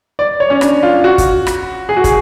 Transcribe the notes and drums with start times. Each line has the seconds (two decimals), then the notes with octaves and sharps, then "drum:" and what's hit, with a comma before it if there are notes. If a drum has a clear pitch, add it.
0.19 D5
0.40 C#5
0.50 C#4
0.61 D4, drum: rim click
0.83 F4
1.04 F#4
1.18 drum: kick, hi-hat
1.47 drum: rim click
1.89 G#4
1.97 F#4
2.04 G#4, drum: kick, hi-hat